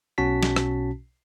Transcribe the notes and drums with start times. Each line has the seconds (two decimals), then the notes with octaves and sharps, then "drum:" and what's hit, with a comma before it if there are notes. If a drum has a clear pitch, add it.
0.18 B1 B2 C#4 F#4 A5 B6
0.43 drum: snare
0.56 drum: rim click